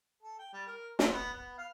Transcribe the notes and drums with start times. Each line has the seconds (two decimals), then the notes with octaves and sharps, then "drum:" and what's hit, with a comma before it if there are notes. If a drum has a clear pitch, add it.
0.23 A4
0.39 G5
0.53 G3
0.67 A#4
0.99 C5, drum: snare
1.12 B3
1.34 B3
1.58 F5